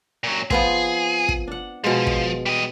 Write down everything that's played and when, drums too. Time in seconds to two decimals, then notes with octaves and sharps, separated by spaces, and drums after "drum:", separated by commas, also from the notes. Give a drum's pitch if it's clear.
0.23 A#2 F#3
0.50 F3 B3 C4 G#4, drum: kick
1.29 drum: kick
1.48 D4 F#5
1.84 B2 F3 G#3
2.07 drum: kick
2.46 G3 D#5